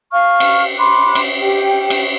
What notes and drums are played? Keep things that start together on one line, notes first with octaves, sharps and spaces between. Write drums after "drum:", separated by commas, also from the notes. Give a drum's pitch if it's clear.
F5 C#6 F6
drum: cymbal
B5 C6 D6 F#6
drum: cymbal
G4 G5
drum: cymbal